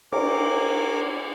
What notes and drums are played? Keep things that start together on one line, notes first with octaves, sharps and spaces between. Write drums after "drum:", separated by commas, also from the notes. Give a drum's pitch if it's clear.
A#4 D6, drum: cymbal